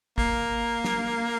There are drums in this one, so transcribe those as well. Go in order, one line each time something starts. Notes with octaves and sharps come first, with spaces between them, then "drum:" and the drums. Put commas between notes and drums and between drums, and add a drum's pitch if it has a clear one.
A#3, drum: kick
drum: snare